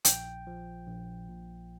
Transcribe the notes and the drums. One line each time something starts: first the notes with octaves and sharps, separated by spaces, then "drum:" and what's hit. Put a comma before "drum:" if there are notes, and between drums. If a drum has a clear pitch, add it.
A#1 G5, drum: hi-hat
F3
A#1
A#2